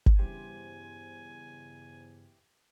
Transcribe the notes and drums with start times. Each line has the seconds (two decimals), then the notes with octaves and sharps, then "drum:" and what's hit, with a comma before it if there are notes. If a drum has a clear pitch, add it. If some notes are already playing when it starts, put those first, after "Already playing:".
0.06 drum: kick G1
0.19 E2 G2 C#3 E3 G4 C5 G#5